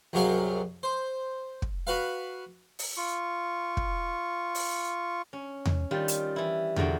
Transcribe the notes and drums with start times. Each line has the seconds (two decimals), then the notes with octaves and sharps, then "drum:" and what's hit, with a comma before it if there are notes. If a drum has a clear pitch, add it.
0.13 C2 F#2 F#3 G#4 A#4 F5
0.83 C5
1.62 drum: kick
1.87 F#4 B4 F5
2.79 drum: open hi-hat
2.97 F4 C#6
3.77 drum: kick
4.55 drum: open hi-hat
5.33 C#4
5.66 drum: tom E2
5.91 D#3 G3 F4
6.08 drum: hi-hat
6.36 E3 E4
6.76 E2 A#2 D3 F#4 G5, drum: tom E2